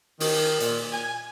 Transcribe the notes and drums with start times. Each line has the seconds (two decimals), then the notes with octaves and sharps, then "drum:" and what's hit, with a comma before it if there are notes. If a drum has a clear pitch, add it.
0.20 D#3, drum: open hi-hat
0.60 A#2, drum: hi-hat
0.92 G#5